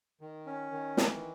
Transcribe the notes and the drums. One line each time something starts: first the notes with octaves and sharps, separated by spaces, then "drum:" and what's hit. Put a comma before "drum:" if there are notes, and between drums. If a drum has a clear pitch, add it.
D#3
C#4
D#3
E3, drum: snare